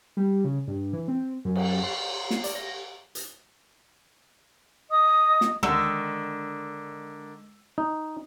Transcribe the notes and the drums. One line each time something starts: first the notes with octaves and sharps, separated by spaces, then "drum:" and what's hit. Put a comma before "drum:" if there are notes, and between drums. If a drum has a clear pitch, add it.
G3
C#3
G2
E3
C4
F#2
drum: cymbal
C6
C7, drum: snare
D5, drum: hi-hat
A#6
drum: hi-hat
D#5 D#6
drum: snare
D3 D#3 G#3 E6, drum: rim click
D#4